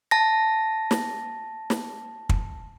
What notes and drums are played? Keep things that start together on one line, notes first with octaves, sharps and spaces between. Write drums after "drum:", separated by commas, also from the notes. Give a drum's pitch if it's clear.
A5 A#6
drum: snare
drum: snare
drum: kick